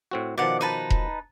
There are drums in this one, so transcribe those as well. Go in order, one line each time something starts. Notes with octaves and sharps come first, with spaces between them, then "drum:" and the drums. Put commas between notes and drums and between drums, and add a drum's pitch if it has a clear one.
A2 C4 F#4
B2 D#3 F3 D5 F#5
D#4 B4 A5
drum: kick E1